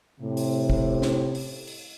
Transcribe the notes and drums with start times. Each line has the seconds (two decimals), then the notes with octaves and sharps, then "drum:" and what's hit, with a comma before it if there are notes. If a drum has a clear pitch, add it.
0.21 A2 C3
0.37 drum: open hi-hat
0.70 drum: kick
1.02 drum: snare
1.35 drum: open hi-hat
1.67 drum: open hi-hat